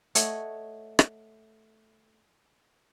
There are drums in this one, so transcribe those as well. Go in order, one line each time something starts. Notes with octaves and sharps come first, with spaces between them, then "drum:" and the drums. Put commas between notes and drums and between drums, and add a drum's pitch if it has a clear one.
A3 C#5 D#5 F#5, drum: hi-hat
drum: rim click